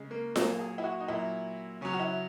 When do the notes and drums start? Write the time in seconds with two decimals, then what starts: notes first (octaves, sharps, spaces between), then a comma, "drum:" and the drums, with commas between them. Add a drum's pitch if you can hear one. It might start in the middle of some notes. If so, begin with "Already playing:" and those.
Already playing: C#3 G#3
0.11 A#3
0.36 A#2 F#3 A#3, drum: snare F4
0.60 G#4
0.78 E4
0.84 F#4
1.00 D#4
1.08 A#2 F#3 E4
1.81 C#3 F#3 C#4
1.93 F#4
2.00 E4